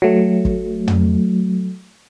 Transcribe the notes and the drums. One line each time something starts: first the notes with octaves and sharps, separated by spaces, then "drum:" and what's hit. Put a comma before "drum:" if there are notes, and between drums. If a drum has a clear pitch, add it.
F#3 A3
drum: kick G1
drum: tom